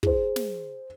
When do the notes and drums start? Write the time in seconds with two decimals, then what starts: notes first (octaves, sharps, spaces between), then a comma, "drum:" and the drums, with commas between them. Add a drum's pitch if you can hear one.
0.03 G#4 C5, drum: kick
0.36 drum: snare